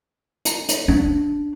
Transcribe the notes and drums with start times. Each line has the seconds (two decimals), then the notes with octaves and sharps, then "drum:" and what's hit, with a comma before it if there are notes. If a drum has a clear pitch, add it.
0.45 drum: hi-hat
0.69 drum: hi-hat
0.88 D4